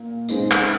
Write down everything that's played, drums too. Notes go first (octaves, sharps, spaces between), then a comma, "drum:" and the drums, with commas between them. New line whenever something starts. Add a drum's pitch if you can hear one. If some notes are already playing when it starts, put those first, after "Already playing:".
Already playing: A#2
C#3 G#3 C4 D#4, drum: tambourine
drum: clap